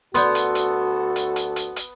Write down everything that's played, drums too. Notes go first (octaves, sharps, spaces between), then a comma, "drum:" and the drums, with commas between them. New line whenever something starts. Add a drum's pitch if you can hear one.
D2 B3 F#4 A4 D5 C6, drum: hi-hat
drum: hi-hat
drum: hi-hat
drum: hi-hat
drum: hi-hat
drum: hi-hat
drum: hi-hat